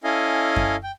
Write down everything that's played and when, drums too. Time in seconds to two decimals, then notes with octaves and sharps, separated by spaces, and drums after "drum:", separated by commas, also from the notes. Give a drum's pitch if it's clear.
0.04 C#4 E4 A4 D#5 F5 G#5
0.56 drum: kick F#2
0.83 G5